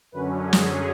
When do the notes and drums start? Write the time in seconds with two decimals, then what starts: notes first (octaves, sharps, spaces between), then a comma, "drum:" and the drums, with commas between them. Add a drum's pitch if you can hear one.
0.12 F#2 D3 F#3 C#4 B4
0.43 G#4
0.53 drum: snare